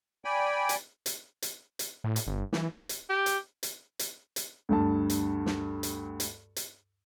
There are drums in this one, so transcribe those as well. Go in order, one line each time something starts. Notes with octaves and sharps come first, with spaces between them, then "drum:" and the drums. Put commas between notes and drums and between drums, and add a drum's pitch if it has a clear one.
D5 G5 G#5 B5
drum: hi-hat
drum: hi-hat
drum: hi-hat
drum: hi-hat
A2
drum: hi-hat
G1
E3, drum: snare
drum: hi-hat
G4
drum: hi-hat
drum: hi-hat
drum: hi-hat
drum: hi-hat
D2 G2 A5
drum: hi-hat
drum: snare
drum: hi-hat
drum: hi-hat
drum: hi-hat